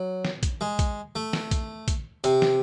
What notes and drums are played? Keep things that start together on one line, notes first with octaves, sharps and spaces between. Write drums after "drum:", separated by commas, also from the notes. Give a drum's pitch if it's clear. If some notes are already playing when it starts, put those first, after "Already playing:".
Already playing: F#3
drum: snare
drum: kick, hi-hat
G#3
drum: kick, hi-hat
A3
drum: snare
drum: kick, hi-hat
drum: kick, hi-hat
C3, drum: hi-hat
drum: snare